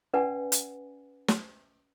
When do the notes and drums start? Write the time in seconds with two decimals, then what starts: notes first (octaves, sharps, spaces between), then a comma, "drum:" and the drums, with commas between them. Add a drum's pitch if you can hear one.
0.14 C#4 B4 D5 F#5 G#5 A5
0.52 drum: hi-hat
1.28 drum: snare